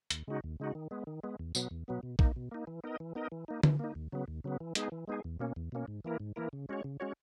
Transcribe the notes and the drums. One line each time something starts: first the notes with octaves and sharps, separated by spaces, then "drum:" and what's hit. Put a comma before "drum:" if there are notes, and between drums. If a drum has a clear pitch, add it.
D#2, drum: hi-hat
C#3 G#3 D#4 F#4
D#2
C#3 G#3 D#4 F#4
D#3
G#3 B3
D#3
G#3 B3
E2
B2 F#3 B3, drum: tambourine
E2
B2 F#3 B3
B2
A#3 D#4, drum: kick
B2
A#3 D#4
E3
B3 D#4 A#4 D#5
E3
B3 D#4 A#4 D#5
E3
A#3 D#4
E3, drum: tom D3
A#3 D#4
D#2
C#3 F#3 B3
D#2
C#3 F#3 B3
E3
G#3 B3 D#4 G#4, drum: hi-hat
E3
G#3 B3 D#4 G#4
E2
B2 A#3 C#4
E2
B2 A#3 C#4
G#2
E3 A#3 E4 A#4
G#2
E3 A#3 E4 A#4
C#3
G#3 C#4 F#4 C#5
C#3
G#3 C#4 F#4 C#5